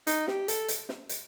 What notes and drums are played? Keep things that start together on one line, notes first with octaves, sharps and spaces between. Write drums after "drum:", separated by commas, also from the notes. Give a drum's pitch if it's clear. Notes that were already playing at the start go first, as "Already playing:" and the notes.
D#4, drum: hi-hat
G4, drum: snare
A4, drum: hi-hat
drum: hi-hat
drum: snare
drum: hi-hat